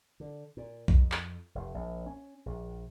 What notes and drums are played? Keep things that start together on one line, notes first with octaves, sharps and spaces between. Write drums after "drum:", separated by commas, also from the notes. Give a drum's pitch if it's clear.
D3
A#2
F2, drum: kick
drum: clap
F1
A#1
C#4
A#1